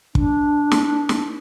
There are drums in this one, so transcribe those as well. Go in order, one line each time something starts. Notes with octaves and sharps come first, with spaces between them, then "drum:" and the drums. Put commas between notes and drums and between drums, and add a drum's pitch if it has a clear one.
D4, drum: kick
drum: snare
drum: snare